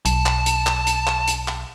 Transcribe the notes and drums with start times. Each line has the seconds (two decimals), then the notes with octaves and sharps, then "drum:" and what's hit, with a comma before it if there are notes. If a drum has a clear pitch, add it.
0.06 B1 A5, drum: hi-hat
0.26 drum: clap
0.46 drum: hi-hat
0.67 drum: clap
0.87 drum: hi-hat
1.07 drum: clap
1.28 drum: hi-hat
1.48 drum: clap